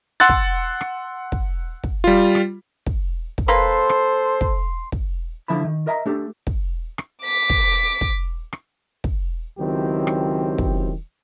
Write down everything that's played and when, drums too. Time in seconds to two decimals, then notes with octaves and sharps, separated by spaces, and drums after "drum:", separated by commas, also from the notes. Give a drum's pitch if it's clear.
0.20 F#5 C6 E6 F#6 A6
0.29 drum: kick
0.81 drum: rim click
1.32 drum: kick
1.84 drum: kick
2.04 G3 F4
2.35 drum: rim click
2.86 drum: kick
3.38 drum: kick
3.48 A#3 A4 B4 C5 C6 C7
3.89 drum: rim click
4.41 drum: kick
4.92 drum: kick
5.48 D3 F3 E4 A5 B5
5.65 D#3
5.87 A#4 D#5 E5 A#5
6.06 A3 D4 G4 A4
6.47 drum: kick
6.98 drum: rim click
7.24 D6 B6
7.50 drum: kick
8.01 drum: kick
8.53 drum: rim click
9.04 drum: kick
9.59 C#2 D#3 F#3 C4 E4 G4
10.07 drum: rim click
10.58 drum: kick